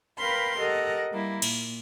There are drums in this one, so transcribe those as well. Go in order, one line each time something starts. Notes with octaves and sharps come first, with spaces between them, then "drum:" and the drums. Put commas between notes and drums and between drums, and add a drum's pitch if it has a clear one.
A#4 B4 F5 G5 B5 C6
G4 A4 A#4 D#5 F#5
G3 A#3 E4
A#2, drum: cymbal